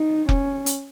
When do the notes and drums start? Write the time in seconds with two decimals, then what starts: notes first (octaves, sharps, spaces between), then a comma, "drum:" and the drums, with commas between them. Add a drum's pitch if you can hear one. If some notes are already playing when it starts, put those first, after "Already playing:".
Already playing: D#4
0.29 C#4, drum: kick F1
0.66 drum: hi-hat